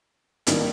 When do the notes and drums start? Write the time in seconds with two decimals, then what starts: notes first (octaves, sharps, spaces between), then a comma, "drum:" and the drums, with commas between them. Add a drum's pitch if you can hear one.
0.47 G2 D#3 F#3 A#3 D#4, drum: hi-hat